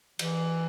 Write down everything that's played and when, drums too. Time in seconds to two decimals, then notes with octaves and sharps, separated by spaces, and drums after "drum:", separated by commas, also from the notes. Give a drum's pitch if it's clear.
0.19 E3, drum: cymbal